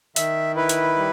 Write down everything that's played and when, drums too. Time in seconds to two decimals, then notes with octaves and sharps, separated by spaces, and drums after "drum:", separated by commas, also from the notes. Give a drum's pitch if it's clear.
0.16 D#3 E5, drum: hi-hat
0.56 E4 B4
0.69 drum: hi-hat
0.96 G3